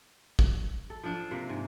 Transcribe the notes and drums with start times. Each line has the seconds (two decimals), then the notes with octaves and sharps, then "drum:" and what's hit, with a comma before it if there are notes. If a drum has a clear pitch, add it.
0.39 drum: kick
0.90 A4
1.03 F3 D4
1.31 C3 A#3
1.49 G#2